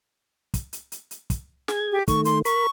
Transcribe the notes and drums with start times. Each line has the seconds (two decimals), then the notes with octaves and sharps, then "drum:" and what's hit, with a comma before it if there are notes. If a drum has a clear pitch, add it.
0.54 drum: kick, hi-hat
0.73 drum: hi-hat
0.92 drum: hi-hat
1.11 drum: hi-hat
1.30 drum: kick, hi-hat
1.68 G#4 G#6, drum: snare
1.92 G4
2.08 D#3 A3 C#6, drum: kick, hi-hat
2.25 C6, drum: hi-hat
2.45 A#4 B5 C#6, drum: hi-hat